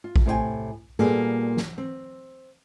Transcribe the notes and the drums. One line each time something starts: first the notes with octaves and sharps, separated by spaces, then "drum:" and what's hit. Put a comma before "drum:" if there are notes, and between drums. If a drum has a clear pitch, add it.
F4
drum: kick A1
A2 C3 C5 C#5 G5 G#5
A#2 G3 A#3 B3 G#4 A4
drum: snare
C4